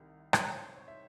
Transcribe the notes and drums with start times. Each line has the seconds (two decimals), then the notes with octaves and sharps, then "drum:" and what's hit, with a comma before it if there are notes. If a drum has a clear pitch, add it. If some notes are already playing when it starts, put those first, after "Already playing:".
Already playing: C2 C3 D#3
0.33 C#5, drum: rim click
0.55 C5
0.76 C#5
0.88 E5